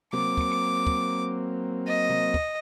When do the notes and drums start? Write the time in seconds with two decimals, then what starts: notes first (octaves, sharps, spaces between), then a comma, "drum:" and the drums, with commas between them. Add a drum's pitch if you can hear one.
0.13 F#3 A#3 C4 D6, drum: tom C3
0.38 drum: kick
0.87 drum: kick
1.87 D#5
2.10 drum: tom C3
2.34 drum: kick